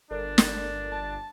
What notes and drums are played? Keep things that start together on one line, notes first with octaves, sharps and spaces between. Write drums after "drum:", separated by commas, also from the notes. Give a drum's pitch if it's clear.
G1 D4 A4 A#4 D5
drum: snare
A5